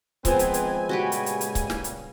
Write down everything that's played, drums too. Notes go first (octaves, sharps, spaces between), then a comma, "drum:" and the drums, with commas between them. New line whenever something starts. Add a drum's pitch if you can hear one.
G#1 F3 G#3 B3 C4 B4 G#5, drum: kick C#1, hi-hat
drum: hi-hat
drum: hi-hat
A#2 C#3 G3 F#4 G4 B4
drum: hi-hat
drum: hi-hat
drum: hi-hat
drum: kick C#1, hi-hat
drum: snare
drum: hi-hat